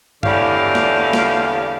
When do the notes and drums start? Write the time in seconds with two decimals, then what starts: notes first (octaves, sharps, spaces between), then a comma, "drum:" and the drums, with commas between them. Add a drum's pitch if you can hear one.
0.23 E2 A2 D3 G3 G4 F5, drum: tom G2
0.75 drum: snare
1.13 drum: snare